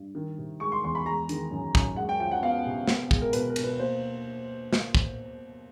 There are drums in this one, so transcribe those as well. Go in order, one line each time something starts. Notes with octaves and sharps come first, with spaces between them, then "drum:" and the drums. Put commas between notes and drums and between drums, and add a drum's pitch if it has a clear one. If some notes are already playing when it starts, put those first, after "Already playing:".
Already playing: G2
D#3
C3
G#3 C#6
C6
E2 C6
B5
G#3 A#5
D#3, drum: hi-hat
F#2
F#2, drum: kick
G#3 F#5
G5
F3 G5
F#5
B3 F5
C3
B3, drum: snare
G#3, drum: kick
A#4
B2 B4, drum: hi-hat
A#4
B2, drum: cymbal
B4
A#3 C5
drum: snare
drum: kick